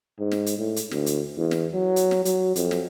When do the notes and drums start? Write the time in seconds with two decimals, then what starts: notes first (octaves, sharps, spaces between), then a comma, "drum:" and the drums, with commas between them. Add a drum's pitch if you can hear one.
0.19 G#2
0.31 drum: snare
0.46 drum: hi-hat
0.58 A2
0.76 drum: hi-hat
0.91 D2, drum: snare
1.06 drum: hi-hat
1.37 E2
1.51 drum: snare
1.74 F#3
1.96 drum: hi-hat
2.11 drum: snare
2.25 F#3, drum: hi-hat
2.56 F2, drum: hi-hat
2.71 drum: snare